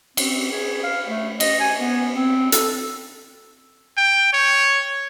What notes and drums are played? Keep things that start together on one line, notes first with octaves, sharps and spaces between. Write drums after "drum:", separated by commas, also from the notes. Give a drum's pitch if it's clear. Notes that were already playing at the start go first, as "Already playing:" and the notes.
C4, drum: cymbal
G#4
F5
A3
D#5, drum: cymbal
G#5
B3
C4
A4, drum: hi-hat
G5
C#5